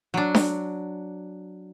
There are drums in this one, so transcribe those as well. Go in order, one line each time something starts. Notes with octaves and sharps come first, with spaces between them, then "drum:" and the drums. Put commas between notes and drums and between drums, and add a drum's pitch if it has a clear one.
F#3 D4
drum: snare D4